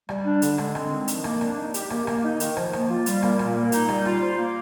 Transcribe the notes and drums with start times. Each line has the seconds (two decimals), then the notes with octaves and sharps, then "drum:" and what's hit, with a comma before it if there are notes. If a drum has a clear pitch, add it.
0.09 G3, drum: rim click
0.25 D4
0.42 D3, drum: hi-hat
0.58 G#3, drum: rim click
0.75 C4, drum: rim click
0.91 D#3
1.08 F3, drum: hi-hat
1.24 A#3, drum: rim click
1.41 D4, drum: rim click
1.57 D#4
1.74 G4, drum: hi-hat
1.90 A#3, drum: rim click
2.07 A#3, drum: rim click
2.24 D#4
2.40 D#3, drum: hi-hat
2.57 F3, drum: rim click
2.73 A#3, drum: rim click
2.90 F4
3.06 G3, drum: hi-hat
3.23 A#3, drum: rim click
3.39 A#2, drum: rim click
3.56 A#3
3.72 D#4, drum: hi-hat
3.88 G3, drum: rim click
4.05 F4, drum: rim click
4.22 C5
4.38 A#3